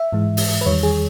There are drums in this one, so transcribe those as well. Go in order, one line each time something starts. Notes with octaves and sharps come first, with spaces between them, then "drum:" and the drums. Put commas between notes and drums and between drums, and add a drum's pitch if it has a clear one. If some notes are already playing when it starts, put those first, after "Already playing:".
Already playing: E5
G#2 E3 G#3
drum: open hi-hat
B4
E2 D#3 G3 C#5
G#4